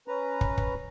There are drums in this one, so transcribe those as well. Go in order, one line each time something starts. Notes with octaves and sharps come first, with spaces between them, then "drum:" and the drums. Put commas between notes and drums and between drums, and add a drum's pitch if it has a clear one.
C#4 B4 A#5
drum: kick
drum: kick